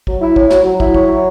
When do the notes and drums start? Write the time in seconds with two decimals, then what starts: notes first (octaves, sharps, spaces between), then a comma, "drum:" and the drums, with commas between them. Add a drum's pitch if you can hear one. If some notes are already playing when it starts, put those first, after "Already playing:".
0.07 F#3, drum: kick
0.21 E4
0.36 C#5, drum: kick
0.50 F#3, drum: snare
0.65 F#3
0.80 E4, drum: kick
0.94 C#5, drum: kick
1.09 F#3